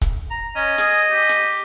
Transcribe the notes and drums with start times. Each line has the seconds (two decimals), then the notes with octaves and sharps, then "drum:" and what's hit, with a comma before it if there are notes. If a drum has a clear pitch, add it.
0.02 drum: kick, hi-hat
0.31 A#5
0.56 C#4 D#5
0.78 G#4, drum: hi-hat
1.10 G4
1.29 drum: hi-hat